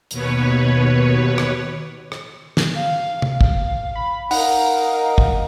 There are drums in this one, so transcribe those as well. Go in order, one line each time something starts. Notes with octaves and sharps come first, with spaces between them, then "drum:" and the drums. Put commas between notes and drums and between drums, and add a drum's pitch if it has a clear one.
D#2 B2 B4 C#5, drum: hi-hat
drum: rim click
drum: rim click
drum: snare
F5
F5, drum: tom
drum: kick
B5
D#4 A#4 F5 F#5, drum: open hi-hat
drum: kick